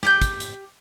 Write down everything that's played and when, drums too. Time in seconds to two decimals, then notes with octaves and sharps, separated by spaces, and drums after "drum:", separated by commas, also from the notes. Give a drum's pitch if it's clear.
0.03 G4 G6, drum: snare
0.22 drum: kick, hi-hat
0.40 drum: hi-hat